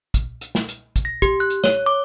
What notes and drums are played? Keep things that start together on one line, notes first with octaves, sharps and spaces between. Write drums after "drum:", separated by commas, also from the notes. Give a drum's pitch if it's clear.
drum: kick, hi-hat
drum: hi-hat
drum: snare
drum: hi-hat
drum: kick, hi-hat
A#6
G4, drum: kick, hi-hat
F#6
drum: hi-hat
C#5, drum: snare
D6